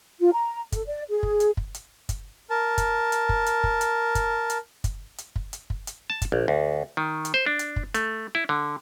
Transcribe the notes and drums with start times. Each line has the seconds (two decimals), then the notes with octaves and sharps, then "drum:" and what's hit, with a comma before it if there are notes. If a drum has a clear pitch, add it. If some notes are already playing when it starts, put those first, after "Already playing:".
0.20 F4
0.33 A#5
0.72 A4, drum: kick, hi-hat
0.88 D5
1.09 G#4
1.23 drum: kick
1.40 drum: hi-hat
1.57 drum: kick
1.74 drum: hi-hat
2.09 drum: kick, hi-hat
2.50 A#4 A5
2.78 drum: kick, hi-hat
3.12 drum: hi-hat
3.29 drum: kick
3.46 drum: hi-hat
3.64 drum: kick
3.81 drum: hi-hat
4.15 drum: kick, hi-hat
4.50 drum: hi-hat
4.84 drum: kick, hi-hat
5.18 drum: hi-hat
5.36 drum: kick
5.53 drum: hi-hat
5.70 drum: kick
5.87 drum: hi-hat
6.10 A5
6.22 drum: kick, hi-hat
6.32 A#1
6.48 D2
6.97 D#3
7.25 drum: hi-hat
7.34 C5
7.46 D4
7.59 drum: hi-hat
7.76 drum: kick
7.94 A3, drum: hi-hat
8.35 E4
8.49 D3